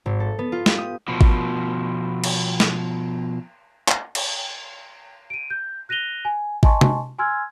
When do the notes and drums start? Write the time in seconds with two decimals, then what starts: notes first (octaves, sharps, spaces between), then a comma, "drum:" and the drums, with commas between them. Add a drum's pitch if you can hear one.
0.06 G#1
0.20 A4
0.39 B3
0.52 F4
0.66 G4, drum: snare
0.78 D#6
1.08 B2 F3
1.21 drum: kick G#1
2.24 drum: cymbal
2.60 drum: snare
3.88 drum: clap
4.15 drum: cymbal
5.30 D7 D#7
5.50 G6
5.89 F#6 A#6 D#7 F7 G7
6.25 G#5
6.63 D#5 G#5 A5 C6 C#6, drum: kick G#1
6.81 drum: tom C3
7.19 G#5 C6 E6 F6 G#6